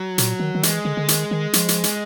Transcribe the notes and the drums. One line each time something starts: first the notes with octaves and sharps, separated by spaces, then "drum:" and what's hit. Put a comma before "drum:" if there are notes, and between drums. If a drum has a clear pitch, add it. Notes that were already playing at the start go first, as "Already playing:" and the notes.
Already playing: F#3
A#2, drum: hi-hat
D#3
D#3
E3 G#3, drum: hi-hat
D3
D3
D#3, drum: hi-hat
D#3
F3, drum: hi-hat
drum: hi-hat
drum: hi-hat